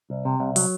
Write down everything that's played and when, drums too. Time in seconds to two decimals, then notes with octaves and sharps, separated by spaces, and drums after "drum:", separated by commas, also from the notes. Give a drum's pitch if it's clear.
0.10 C2
0.25 C3
0.40 C2
0.56 F#3, drum: open hi-hat